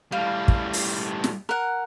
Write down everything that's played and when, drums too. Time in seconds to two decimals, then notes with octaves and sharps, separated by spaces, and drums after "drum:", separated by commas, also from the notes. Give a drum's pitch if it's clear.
0.12 A2 G3 F5
0.48 drum: kick
0.73 drum: open hi-hat
1.24 drum: snare
1.49 A#4 F#5